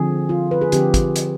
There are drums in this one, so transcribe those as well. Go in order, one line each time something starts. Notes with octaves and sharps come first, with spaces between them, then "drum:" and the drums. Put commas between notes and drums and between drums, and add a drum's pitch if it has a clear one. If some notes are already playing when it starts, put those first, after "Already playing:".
Already playing: D3 F3 C4 G#4
F4
B4
G#4
D3 F3 C4 G4, drum: hi-hat
drum: kick, hi-hat
drum: hi-hat